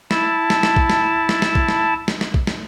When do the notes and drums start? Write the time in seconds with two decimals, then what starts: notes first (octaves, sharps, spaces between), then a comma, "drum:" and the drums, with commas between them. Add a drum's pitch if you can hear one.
0.11 E4 A5, drum: snare
0.50 drum: snare
0.63 drum: snare
0.76 drum: kick
0.90 drum: snare
1.29 drum: snare
1.42 drum: snare
1.55 drum: kick
1.68 drum: snare
2.08 drum: snare
2.21 drum: snare
2.34 drum: kick
2.47 drum: snare